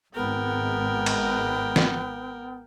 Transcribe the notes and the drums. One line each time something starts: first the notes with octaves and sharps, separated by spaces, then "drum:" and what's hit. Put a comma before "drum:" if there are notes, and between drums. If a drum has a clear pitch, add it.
G#1 G#2 B3 A#4 G5
drum: cymbal
drum: snare